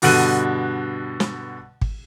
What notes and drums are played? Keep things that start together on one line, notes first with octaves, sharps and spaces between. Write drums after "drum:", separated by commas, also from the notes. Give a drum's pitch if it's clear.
G2 B2 D3 F#6 D#7, drum: open hi-hat
drum: snare
drum: kick G#1